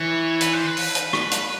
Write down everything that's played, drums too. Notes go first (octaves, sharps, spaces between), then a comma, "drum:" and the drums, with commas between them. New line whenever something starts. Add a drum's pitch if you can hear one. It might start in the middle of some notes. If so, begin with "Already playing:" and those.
Already playing: E3 C#5
B4, drum: hi-hat
C5
B4
drum: open hi-hat
drum: hi-hat
drum: rim click
drum: hi-hat